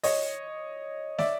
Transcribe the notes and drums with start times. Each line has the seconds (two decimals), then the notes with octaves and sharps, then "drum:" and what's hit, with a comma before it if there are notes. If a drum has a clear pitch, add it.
0.03 C#5 D#5, drum: open hi-hat
1.18 D5 E5, drum: snare